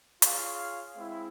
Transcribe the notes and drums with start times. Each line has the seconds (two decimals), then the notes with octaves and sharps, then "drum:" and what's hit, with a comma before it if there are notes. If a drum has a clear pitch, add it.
0.22 F4 G#4 C#5 F5, drum: hi-hat
0.97 G#3 C4 E4